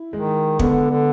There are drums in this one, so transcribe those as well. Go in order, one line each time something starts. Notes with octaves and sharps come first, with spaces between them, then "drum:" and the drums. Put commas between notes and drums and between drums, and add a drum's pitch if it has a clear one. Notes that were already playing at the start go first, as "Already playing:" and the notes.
Already playing: E4
D#3 G#3
D3 B3, drum: kick
D3